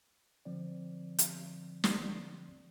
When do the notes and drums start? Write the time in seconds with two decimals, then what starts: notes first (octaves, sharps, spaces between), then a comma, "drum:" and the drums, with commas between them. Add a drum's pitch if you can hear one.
0.45 D3 F3 C4 D5
1.19 drum: hi-hat
1.84 drum: snare